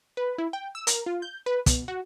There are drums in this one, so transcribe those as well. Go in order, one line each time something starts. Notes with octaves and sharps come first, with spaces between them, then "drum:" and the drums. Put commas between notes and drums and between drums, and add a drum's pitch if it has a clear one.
B4
E4
G5
E6
A#4, drum: hi-hat
F4
G6
B4
B2, drum: kick, hi-hat
F#4